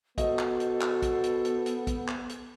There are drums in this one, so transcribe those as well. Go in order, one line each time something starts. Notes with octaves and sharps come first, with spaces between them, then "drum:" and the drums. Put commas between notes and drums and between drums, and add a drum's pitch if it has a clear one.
B2 B3 A4 C5 D#5, drum: kick, hi-hat
drum: clap
drum: hi-hat
drum: clap
drum: kick, hi-hat
drum: hi-hat
drum: hi-hat
drum: hi-hat
drum: kick, hi-hat
drum: clap
drum: hi-hat